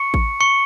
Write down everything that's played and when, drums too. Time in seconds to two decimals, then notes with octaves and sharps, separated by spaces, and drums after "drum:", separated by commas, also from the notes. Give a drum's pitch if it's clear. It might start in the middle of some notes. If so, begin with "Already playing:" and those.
Already playing: C#6 C#7
0.14 drum: kick A1
0.40 C#6 C#7